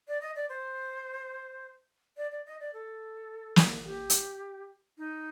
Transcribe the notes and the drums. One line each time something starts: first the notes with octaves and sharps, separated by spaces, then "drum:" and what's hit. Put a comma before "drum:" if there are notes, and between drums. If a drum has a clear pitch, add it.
D5
D#5
D5
C5
D5
D5
D#5
D5
A4
drum: snare
G4
drum: hi-hat
D#4